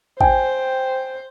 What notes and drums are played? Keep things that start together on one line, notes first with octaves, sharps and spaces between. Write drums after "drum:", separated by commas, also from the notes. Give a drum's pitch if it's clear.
C5 G5 G#5, drum: kick